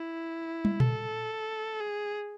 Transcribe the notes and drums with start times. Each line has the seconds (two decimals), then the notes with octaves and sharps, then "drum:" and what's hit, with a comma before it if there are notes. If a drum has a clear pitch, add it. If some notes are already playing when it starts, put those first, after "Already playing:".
Already playing: E4
0.65 drum: tom
0.80 A4, drum: tom A#2
1.81 G#4